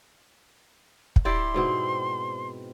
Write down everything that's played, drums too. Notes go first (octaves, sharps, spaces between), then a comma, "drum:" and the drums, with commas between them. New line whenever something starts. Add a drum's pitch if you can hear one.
drum: kick
E4 G4 D5 C6
G#2 B2 C4